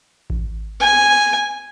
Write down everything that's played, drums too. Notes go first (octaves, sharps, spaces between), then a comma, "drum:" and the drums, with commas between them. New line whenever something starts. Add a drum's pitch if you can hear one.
drum: kick A1
G#5